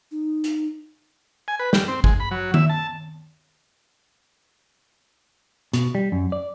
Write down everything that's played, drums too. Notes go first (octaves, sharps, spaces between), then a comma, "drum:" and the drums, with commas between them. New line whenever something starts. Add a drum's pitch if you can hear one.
D#4
drum: hi-hat
G#5
B4
G3, drum: snare
C4
G#3, drum: kick G#1
B5
F#3
E5, drum: tom D#3
A5
B2, drum: hi-hat
G3
F#2
D5